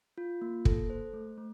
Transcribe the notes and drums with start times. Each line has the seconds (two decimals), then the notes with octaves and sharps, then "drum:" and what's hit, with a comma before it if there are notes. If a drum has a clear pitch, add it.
0.18 F4
0.41 A#3
0.65 A4, drum: kick
0.90 C5
1.13 A3
1.38 A3